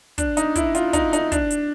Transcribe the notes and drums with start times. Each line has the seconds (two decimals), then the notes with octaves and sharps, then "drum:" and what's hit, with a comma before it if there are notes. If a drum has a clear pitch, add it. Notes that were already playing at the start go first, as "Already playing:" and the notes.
0.18 D4, drum: kick, hi-hat
0.37 D#4, drum: hi-hat
0.55 E4, drum: kick, hi-hat
0.75 F4, drum: hi-hat
0.93 D#4, drum: kick, hi-hat
1.13 D#4, drum: hi-hat
1.32 D4, drum: kick, hi-hat
1.50 drum: hi-hat